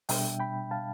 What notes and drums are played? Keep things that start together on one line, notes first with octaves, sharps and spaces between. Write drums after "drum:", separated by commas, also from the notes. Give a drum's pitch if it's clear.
B2 G3 D4 E5 G5, drum: open hi-hat
G5 B5
F5 A5